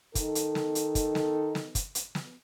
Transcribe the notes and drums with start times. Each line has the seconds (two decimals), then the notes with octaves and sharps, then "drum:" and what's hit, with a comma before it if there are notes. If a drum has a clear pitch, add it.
0.15 D#3 D#4 A4, drum: kick, hi-hat
0.35 drum: hi-hat
0.55 drum: snare
0.75 drum: hi-hat
0.95 drum: kick, hi-hat
1.15 drum: snare
1.55 drum: snare
1.75 drum: kick, hi-hat
1.95 drum: hi-hat
2.15 drum: snare